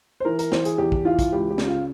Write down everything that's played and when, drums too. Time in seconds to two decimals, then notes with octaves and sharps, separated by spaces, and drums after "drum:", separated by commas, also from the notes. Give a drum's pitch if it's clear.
0.20 C5
0.25 E3 A#4
0.39 A#4, drum: hi-hat
0.52 E3 C5, drum: snare
0.65 G#4, drum: hi-hat
0.78 E2 G4
0.92 drum: kick
1.05 E3 F4
1.19 drum: kick, hi-hat
1.32 C#2 G4
1.50 G4
1.58 C#3, drum: snare
1.68 F4